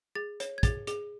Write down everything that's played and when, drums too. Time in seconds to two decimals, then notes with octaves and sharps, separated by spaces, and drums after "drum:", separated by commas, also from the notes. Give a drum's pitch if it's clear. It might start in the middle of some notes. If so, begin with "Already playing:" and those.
0.15 G#4 A6
0.40 C#5, drum: hi-hat
0.58 G#6
0.63 G#4 A6, drum: kick, hi-hat
0.87 G#4, drum: hi-hat